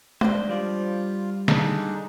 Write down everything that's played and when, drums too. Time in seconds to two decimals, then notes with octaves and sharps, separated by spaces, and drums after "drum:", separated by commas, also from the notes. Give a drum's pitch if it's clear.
0.21 D4 G4 C5 D#5, drum: tom G#3
0.49 F3 G3 F4 D5
1.48 D3 G#3 D4 D#4 A4 G#5, drum: snare